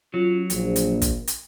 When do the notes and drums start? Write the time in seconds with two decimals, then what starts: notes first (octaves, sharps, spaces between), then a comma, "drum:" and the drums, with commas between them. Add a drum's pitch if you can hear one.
0.14 F#3 C#4 F4
0.50 A#1, drum: hi-hat
0.76 drum: hi-hat
1.02 drum: kick, hi-hat
1.27 drum: hi-hat